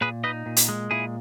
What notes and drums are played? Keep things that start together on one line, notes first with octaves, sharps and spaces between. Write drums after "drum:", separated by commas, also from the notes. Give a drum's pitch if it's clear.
A#2 G#4 B4
D#4 B4 D#5
A#2
drum: hi-hat
G#3
A#2 E4 G#4